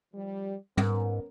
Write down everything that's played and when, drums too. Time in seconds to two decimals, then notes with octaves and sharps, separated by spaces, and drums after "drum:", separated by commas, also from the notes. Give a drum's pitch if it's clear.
0.14 F3 G3
0.77 G#2 B3 C#4 A#4, drum: tom